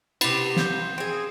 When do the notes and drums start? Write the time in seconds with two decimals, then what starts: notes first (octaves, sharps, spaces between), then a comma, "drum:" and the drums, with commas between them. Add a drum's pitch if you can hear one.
0.21 C3 B3 E4 B5 A6, drum: cymbal
0.56 F5 G6, drum: snare
0.98 C4 G#4